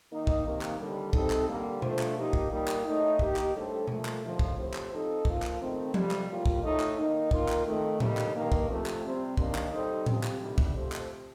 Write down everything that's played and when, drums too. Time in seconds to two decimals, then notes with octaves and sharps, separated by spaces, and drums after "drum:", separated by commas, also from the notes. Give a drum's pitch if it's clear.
0.10 D#3 A#3 D#4
0.27 drum: kick
0.44 C3 D#3 A#3
0.62 drum: clap
0.79 D#2 D3 G3
1.13 C3 G3 C4 D#4 A4, drum: kick
1.30 drum: clap
1.47 D3 G3 A#3
1.82 F3 A3 D4 F4 C5, drum: tom B2
1.99 drum: clap
2.16 F3 A#3 D#4 G4
2.33 drum: kick
2.50 A#2 G3 A#3 D#4 A#4
2.68 drum: clap
2.85 A2 A3 D#4
3.19 D#3 A#3 D#4 G4, drum: kick
3.36 drum: clap
3.54 A2 G3 D4 A4 C5
3.87 A#2 F3 A3, drum: tom B2
4.05 drum: clap
4.22 D#2 D3 F3
4.39 drum: kick
4.57 A2 F3 C4 G4 C5
4.74 drum: clap
4.91 F3 C4 D#4 A4
5.25 F3 A#3 F4, drum: kick
5.42 drum: clap
5.60 D#3 A3 C4
5.94 F2 C3 G3, drum: tom F3
6.11 drum: clap
6.29 A2 G3 A#3 F4
6.46 drum: kick
6.63 A2 A3 D#4
6.80 drum: clap
6.97 D#3 A#3 D#4
7.31 D#3 A#3 F4 A#4, drum: kick
7.49 drum: clap
7.66 F2 D#3 A3
8.00 D#2 D3 G3 A#3 D#4, drum: tom A2
8.17 drum: clap
8.35 G2 D#3 A#3
8.52 drum: kick
8.69 C3 F3 A3 C4
8.86 drum: clap
9.04 C3 G3 C4
9.37 D#2 D#3 A#3 D4, drum: kick
9.55 drum: clap
9.72 C3 G3 C4 D#4 A4
10.06 F3 C4 G4, drum: tom A2
10.23 drum: clap
10.41 D2 C3 D#3 G3 D4
10.58 drum: kick
10.75 F3 A3 C4 G4 C5
10.92 drum: clap